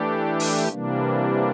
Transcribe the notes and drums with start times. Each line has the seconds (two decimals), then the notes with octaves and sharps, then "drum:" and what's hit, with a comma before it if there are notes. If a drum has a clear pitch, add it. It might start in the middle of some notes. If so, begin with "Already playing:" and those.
Already playing: E3 A3 D4 G4
0.40 drum: open hi-hat
0.68 C3 E3 G3 A#3 D4